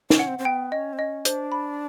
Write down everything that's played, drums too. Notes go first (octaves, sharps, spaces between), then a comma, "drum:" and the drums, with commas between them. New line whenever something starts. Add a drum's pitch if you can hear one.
C#4, drum: snare
F#5
C4
C4
B3 G5
C#4 D#5
C4
C#4 D#5
D4 C5, drum: hi-hat
B5